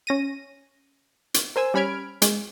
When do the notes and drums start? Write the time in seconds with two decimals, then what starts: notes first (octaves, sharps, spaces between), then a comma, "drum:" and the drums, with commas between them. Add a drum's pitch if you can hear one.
0.07 C#4 A#6 D#7
1.34 drum: hi-hat
1.56 A#4 C5 G#5 E6
1.74 G3 C#4 B5 F6 G#6 D7
2.22 G#3, drum: hi-hat